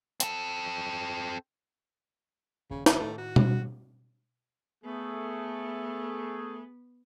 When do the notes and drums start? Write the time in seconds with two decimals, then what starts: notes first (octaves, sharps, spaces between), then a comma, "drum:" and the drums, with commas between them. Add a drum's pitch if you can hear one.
0.20 C4 A4, drum: hi-hat
2.70 D#1 C#3
2.86 C#3, drum: snare
2.99 A2 D#3 A3
3.18 F#4
3.36 drum: tom B2
4.84 A3 B3 G#4